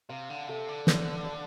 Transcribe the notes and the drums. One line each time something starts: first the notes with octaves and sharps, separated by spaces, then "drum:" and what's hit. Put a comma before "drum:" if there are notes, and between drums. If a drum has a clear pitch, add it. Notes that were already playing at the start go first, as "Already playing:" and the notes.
C3 F5
D3
C3 A4
D3
D4, drum: snare
D5